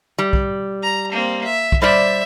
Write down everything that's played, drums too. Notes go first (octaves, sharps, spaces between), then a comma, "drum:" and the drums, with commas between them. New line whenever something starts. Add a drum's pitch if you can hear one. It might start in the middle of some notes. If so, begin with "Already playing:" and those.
G3
drum: kick B1
A#5
A#3 C4
E5
drum: kick B1
G3 C5 D5 E5